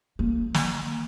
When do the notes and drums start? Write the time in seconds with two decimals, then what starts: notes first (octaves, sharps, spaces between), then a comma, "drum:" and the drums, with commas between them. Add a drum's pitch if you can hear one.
0.19 F3 A#3
0.54 drum: snare